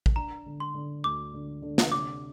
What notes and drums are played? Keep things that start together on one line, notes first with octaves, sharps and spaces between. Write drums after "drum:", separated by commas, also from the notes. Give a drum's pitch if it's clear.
drum: kick
D4 A#5
D3
C6
D3
D2 D6
D3
D3
drum: snare
C3 D6